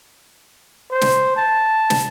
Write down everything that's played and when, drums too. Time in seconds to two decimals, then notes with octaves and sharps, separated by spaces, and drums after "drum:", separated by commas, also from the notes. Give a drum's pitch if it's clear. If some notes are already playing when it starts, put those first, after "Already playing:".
0.91 C5
1.01 drum: snare
1.37 A5
1.90 drum: snare